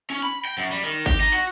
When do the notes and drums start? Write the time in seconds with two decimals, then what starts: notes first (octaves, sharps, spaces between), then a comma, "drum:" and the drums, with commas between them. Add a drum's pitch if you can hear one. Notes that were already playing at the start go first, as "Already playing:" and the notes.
0.10 C#4
0.23 B5
0.45 G5
0.58 F#2
0.71 G3
0.84 D#3
1.06 G4, drum: kick G#1, cymbal
1.20 D#4, drum: cymbal
1.32 F#4, drum: cymbal